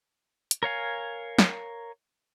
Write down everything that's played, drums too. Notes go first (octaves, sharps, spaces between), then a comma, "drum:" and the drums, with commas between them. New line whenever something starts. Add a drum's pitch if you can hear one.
drum: hi-hat
A#4 C#5 F5 G#5
drum: snare